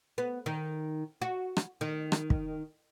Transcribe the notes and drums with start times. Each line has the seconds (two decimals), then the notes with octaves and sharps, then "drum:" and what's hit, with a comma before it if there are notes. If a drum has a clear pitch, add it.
0.18 B3
0.46 D#3
1.22 F#4
1.57 drum: rim click
1.81 D#3
2.12 drum: rim click
2.30 drum: kick